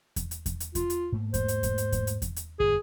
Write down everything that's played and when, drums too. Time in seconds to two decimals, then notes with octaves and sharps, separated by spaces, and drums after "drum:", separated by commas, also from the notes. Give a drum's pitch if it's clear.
0.16 drum: kick E2, hi-hat
0.31 drum: hi-hat
0.46 drum: kick E2, hi-hat
0.60 drum: hi-hat
0.75 F4, drum: kick E2, hi-hat
0.90 drum: hi-hat
1.12 G#2 A3 A#3
1.34 C5, drum: kick E2, hi-hat
1.48 drum: hi-hat
1.63 drum: kick E2, hi-hat
1.78 drum: hi-hat
1.92 drum: kick E2, hi-hat
2.07 drum: hi-hat
2.22 drum: kick E2, hi-hat
2.36 drum: hi-hat
2.60 G1 F2 A2 G#4